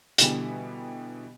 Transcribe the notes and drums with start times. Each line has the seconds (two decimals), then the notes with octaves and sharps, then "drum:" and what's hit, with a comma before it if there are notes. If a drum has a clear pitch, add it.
0.18 B2 D3 E3 G3, drum: hi-hat